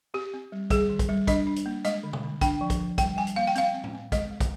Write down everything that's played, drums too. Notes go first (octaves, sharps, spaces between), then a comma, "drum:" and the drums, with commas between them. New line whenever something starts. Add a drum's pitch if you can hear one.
C4 G4
C4
G3
G3 G#4, drum: kick, hi-hat
D#3
drum: kick, hi-hat
G3
D4 D#5, drum: kick, hi-hat
D4
drum: hi-hat
A#3
G#3 D#5, drum: hi-hat
D3
drum: tom B2
D3
D4 G5, drum: kick, hi-hat
F3
drum: kick, hi-hat
F3
G3 G5, drum: kick, hi-hat
G3 G#5
drum: hi-hat
A#3 F5
G5
C4 F5, drum: hi-hat
C4
drum: tom
C4
G#3 D#5, drum: kick, hi-hat
G#3
drum: kick, hi-hat